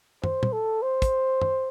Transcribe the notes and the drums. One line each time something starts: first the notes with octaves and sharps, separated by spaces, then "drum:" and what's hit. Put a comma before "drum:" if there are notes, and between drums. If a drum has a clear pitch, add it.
C5, drum: tom
drum: tom
A4
C5
drum: kick, hi-hat
drum: tom